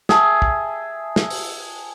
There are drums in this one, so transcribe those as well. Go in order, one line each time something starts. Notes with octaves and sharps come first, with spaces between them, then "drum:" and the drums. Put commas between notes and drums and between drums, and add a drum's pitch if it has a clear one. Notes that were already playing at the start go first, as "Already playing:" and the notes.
G#4 E5 G5 A5, drum: snare
drum: kick
drum: snare
drum: open hi-hat